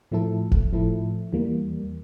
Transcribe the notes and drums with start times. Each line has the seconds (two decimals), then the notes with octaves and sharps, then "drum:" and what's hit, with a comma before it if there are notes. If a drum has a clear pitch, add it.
0.11 A2 F3 A3 E4 A4
0.51 drum: kick F1
0.72 A2 F3 A3 E4 A4
1.33 E2 E3 G3 A#3